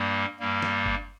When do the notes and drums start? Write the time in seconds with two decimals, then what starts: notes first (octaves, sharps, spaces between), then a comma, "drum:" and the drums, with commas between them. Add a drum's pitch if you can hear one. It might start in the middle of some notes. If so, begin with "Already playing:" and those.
Already playing: G2 G3 A#3
0.39 G2 G3 A#3
0.62 drum: snare
0.86 drum: kick F#1